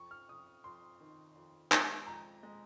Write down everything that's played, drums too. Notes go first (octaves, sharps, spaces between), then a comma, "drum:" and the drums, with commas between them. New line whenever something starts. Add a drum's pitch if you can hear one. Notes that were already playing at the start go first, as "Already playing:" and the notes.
Already playing: F2 C#6
F6
F2 D#6
F2 C6
D#3
F2
G#3, drum: clap
F2 A#5
G#3